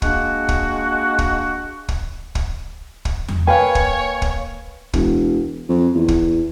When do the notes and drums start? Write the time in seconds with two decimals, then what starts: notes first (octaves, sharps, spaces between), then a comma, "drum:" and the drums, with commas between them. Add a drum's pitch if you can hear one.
0.02 G#3 A#3 D4 F#4, drum: kick
0.49 drum: kick
1.19 drum: kick
1.89 drum: kick
2.35 drum: kick
3.05 drum: kick
3.28 drum: tom E2
3.47 A#3 B4 C#5 F5 G5 G#5
3.75 drum: kick
4.22 drum: kick
4.93 E1, drum: kick
5.69 F2
5.95 E2
6.08 drum: kick